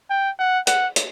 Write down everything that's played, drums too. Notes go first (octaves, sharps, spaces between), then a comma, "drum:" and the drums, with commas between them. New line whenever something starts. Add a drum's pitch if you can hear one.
G5
F#5
F#5, drum: hi-hat
drum: hi-hat